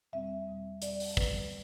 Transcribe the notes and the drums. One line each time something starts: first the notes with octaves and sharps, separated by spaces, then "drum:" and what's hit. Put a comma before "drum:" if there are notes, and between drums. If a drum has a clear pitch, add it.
E2 B2 G3 C4 E5
E2 B2 G3 C4
E2 B2 G3 C4 D5, drum: hi-hat
drum: open hi-hat
E2 B2 G3 C4 B4, drum: kick